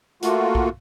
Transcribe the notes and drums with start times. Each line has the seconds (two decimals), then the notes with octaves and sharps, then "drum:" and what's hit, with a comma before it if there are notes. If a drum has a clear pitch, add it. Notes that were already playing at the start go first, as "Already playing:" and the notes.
0.22 A3 A#3 F4 F#4, drum: hi-hat
0.55 drum: kick